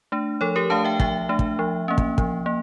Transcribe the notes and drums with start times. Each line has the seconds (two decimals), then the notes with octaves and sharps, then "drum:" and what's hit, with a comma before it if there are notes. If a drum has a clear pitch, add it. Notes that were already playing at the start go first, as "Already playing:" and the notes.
0.12 A3 D4
0.41 F3 A4 C#5
0.56 G4 A#4
0.70 A3 D4 F5 A5
0.85 E5 G5
1.00 F3 E5 G5, drum: kick
1.29 A3 D4
1.39 drum: kick
1.59 F3
1.88 A#3 C#4
1.98 drum: kick
2.18 F3, drum: kick
2.46 A#3